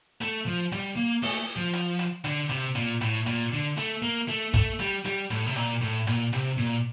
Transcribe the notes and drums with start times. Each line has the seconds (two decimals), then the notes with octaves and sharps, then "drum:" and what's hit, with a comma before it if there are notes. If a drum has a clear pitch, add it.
0.21 A3, drum: hi-hat
0.46 F3
0.72 G3, drum: hi-hat
0.97 A#3
1.23 A3, drum: open hi-hat
1.56 F3
1.73 drum: hi-hat
1.99 drum: hi-hat
2.24 D3, drum: hi-hat
2.49 C3, drum: hi-hat
2.75 A#2, drum: hi-hat
3.01 A2, drum: hi-hat
3.26 A#2, drum: hi-hat
3.52 D3
3.77 A3, drum: hi-hat
4.02 A#3
4.28 A3
4.54 A3, drum: kick, hi-hat
4.79 G3, drum: hi-hat
5.05 G3, drum: hi-hat
5.30 A2, drum: hi-hat
5.46 C3
5.56 A#2, drum: hi-hat
5.81 A2
6.07 A#2, drum: hi-hat
6.33 C3, drum: hi-hat
6.58 A#2